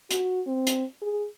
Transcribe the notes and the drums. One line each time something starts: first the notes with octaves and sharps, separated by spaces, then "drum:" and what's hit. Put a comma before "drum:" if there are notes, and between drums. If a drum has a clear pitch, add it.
F#4, drum: hi-hat
C4
drum: hi-hat
G#4